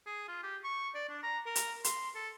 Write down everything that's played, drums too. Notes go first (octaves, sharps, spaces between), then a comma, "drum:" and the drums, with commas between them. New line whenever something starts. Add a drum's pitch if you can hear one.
G#4
F4
G4
C#6
D5
D4
A#5
A#4
drum: hi-hat
C6, drum: hi-hat
A4